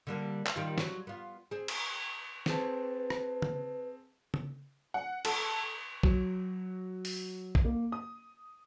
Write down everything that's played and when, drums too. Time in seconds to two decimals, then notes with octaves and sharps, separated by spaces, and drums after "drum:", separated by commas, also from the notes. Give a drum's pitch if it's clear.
0.07 D3 G3 A#3
0.46 drum: clap
0.56 D#3 G3 F4
0.78 F#3, drum: snare
1.07 B3 F4
1.51 C4 G#4
1.68 drum: cymbal
2.46 C4 G#4 B4 A5, drum: snare
3.10 drum: rim click
3.42 drum: tom
4.34 drum: tom
4.94 F#5
5.25 A4, drum: cymbal
6.03 F#3, drum: kick A1
7.05 drum: open hi-hat
7.55 drum: kick A1
7.65 A#3
7.92 D#6